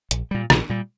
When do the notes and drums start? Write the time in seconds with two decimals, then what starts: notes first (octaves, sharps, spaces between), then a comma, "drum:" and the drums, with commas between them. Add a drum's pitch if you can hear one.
0.11 A#1, drum: hi-hat
0.31 A#2 G3
0.50 A#1, drum: rim click
0.70 A#2 G3